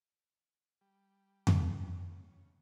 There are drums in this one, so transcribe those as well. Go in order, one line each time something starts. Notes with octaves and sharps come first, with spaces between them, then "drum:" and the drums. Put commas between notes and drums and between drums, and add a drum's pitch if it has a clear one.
G3
drum: tom F2
C#3